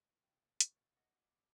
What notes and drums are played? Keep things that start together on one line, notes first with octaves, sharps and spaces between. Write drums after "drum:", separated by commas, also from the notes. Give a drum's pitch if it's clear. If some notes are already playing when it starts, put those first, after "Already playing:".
C3 F5 G5 A6
C#5, drum: hi-hat
F#4 D5 D#5